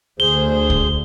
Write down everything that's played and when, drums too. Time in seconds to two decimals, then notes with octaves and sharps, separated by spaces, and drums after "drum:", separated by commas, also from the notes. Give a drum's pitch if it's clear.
0.20 D2 G#4 C5 G7
0.70 drum: kick